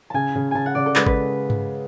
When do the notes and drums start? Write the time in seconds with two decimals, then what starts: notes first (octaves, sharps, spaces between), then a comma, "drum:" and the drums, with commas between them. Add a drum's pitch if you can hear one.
0.10 C#3 G#5 A5
0.36 C#3
0.51 C#3 G#5 A5
0.66 F#5
0.75 C#3 D5
0.86 A4
0.96 G#3 B4, drum: clap
1.07 B4, drum: kick G#1
1.50 drum: tom G2